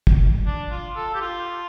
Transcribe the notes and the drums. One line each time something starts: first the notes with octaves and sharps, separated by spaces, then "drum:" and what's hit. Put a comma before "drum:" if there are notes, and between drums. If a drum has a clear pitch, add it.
drum: kick
D4
F4
A4
G4
F4